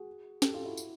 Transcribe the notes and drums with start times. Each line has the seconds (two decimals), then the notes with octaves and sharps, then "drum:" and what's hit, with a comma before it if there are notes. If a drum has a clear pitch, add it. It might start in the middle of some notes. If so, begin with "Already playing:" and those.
Already playing: F#4 G#4
0.42 G4 A4, drum: snare
0.54 F4 G4
0.65 E4 F#4
0.77 drum: tambourine